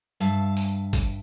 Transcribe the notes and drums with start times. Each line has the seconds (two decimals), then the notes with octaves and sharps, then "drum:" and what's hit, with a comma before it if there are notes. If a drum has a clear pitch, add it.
0.20 G2 E5 F5 A5
0.57 drum: open hi-hat
0.93 drum: kick, open hi-hat